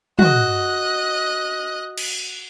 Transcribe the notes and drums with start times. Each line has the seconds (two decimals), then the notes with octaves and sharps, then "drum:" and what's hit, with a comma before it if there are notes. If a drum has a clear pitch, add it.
0.19 F#4 D#5 F#6, drum: tom
1.98 drum: cymbal